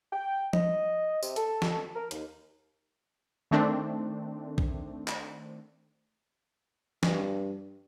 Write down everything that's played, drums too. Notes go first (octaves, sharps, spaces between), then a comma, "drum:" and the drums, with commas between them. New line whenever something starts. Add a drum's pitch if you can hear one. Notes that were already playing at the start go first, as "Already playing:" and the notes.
G5
D#5, drum: tom F3
C3, drum: tambourine
A4, drum: hi-hat
drum: snare
A#4
D#2, drum: hi-hat
D#3 A3 C4 D4
drum: kick
drum: clap
G2, drum: snare